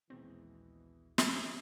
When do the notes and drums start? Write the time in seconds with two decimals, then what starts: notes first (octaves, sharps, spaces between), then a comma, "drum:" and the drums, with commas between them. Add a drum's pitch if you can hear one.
0.10 A#1 D#2 B2 E3 G#3 C4
1.18 drum: snare